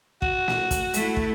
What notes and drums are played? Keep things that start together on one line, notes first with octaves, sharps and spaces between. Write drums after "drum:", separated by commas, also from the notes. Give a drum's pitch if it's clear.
F#4, drum: kick
drum: snare
drum: kick, hi-hat
A3 E4, drum: hi-hat
drum: kick